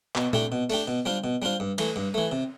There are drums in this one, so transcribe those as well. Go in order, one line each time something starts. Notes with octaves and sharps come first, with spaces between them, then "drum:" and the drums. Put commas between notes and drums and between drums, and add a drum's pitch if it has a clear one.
B2, drum: clap
A3 D4 G4, drum: tom A#2
B2
A3 D4 G4, drum: open hi-hat
B2
G3 D4 F4 C5
B2
G3 D4 F4 C5
G2
E3 A3, drum: cymbal
G2
E3 A3
C3